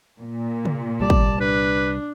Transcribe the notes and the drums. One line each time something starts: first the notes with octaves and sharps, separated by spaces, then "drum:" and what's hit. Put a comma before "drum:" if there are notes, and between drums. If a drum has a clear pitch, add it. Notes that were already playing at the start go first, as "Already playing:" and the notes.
A#2
drum: tom
C2 G3 D5 A5
drum: kick
D4 B4